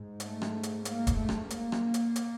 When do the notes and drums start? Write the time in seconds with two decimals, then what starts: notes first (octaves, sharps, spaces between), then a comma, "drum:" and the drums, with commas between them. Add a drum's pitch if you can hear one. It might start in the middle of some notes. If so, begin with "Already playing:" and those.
Already playing: G#2
0.20 A3, drum: hi-hat
0.42 drum: rim click
0.63 drum: hi-hat
0.85 A#3, drum: hi-hat
1.07 drum: kick D#1, hi-hat
1.18 A3
1.29 drum: rim click
1.50 A#3, drum: hi-hat
1.72 drum: rim click
1.94 drum: hi-hat
2.16 drum: hi-hat